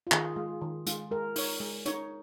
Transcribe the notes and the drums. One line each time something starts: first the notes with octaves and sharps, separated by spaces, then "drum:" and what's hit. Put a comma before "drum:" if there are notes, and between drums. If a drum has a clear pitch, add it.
F4
D#3 G#4, drum: clap
G#3 F4
D#3
G#3 F4, drum: hi-hat
G#3 A#4
D#4 C#5, drum: open hi-hat
G#3
D#4 C#5, drum: hi-hat